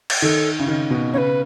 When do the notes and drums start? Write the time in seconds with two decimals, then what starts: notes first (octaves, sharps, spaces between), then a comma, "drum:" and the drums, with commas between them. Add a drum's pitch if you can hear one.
0.10 drum: cymbal
0.22 D#3 A4
0.59 C#3
0.68 D#3
0.90 B2
1.14 C#3 B4 C#5